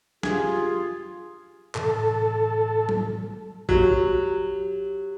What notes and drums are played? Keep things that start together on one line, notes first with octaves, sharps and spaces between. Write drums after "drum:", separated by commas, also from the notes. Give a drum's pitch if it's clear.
F4 G4 G#4 G#5 G#6, drum: snare
A2 C3 E3 A4, drum: clap
drum: tom F#3
F#3 G4, drum: kick A1